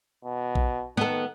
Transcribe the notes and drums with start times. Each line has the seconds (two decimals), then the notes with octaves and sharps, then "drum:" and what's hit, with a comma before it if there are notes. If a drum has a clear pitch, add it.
0.25 B2
0.55 drum: kick A#1
0.97 D#3 B3 A4